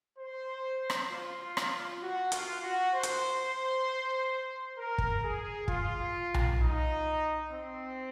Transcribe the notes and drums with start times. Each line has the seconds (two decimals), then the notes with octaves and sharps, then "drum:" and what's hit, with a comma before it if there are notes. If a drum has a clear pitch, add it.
0.18 C5
0.90 drum: rim click
1.09 F4
1.57 drum: rim click
2.01 F#4
2.32 F4, drum: hi-hat
2.62 F#4
2.93 C5
3.03 drum: hi-hat
4.76 A#4
4.98 drum: kick
5.22 G#4
5.68 F4, drum: kick
6.34 drum: tom B1
6.60 D#4
7.51 C4